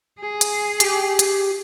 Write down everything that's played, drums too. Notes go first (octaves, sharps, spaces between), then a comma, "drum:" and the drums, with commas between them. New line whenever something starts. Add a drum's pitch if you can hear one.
G#4
drum: hi-hat
G4, drum: hi-hat
drum: hi-hat